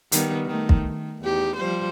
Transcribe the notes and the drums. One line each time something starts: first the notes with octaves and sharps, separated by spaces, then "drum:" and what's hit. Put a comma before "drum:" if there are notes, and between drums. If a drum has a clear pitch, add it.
D#3 G3 B3, drum: hi-hat
D#3 A3
drum: kick
D#3
E2 D#4 G4
F3 G3 C5